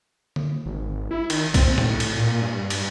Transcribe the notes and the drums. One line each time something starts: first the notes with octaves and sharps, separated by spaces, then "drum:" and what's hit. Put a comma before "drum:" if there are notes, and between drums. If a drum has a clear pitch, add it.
drum: tom D3
G#1
E4
D#3, drum: cymbal
C4, drum: kick, cymbal
A2, drum: tom
drum: cymbal
A#2
G2
drum: cymbal